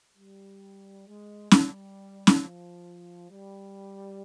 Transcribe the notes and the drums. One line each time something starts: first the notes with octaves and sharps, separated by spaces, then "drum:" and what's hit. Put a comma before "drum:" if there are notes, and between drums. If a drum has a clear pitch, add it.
G3
G#3
G3, drum: snare C#4
drum: snare C#4
F3
G3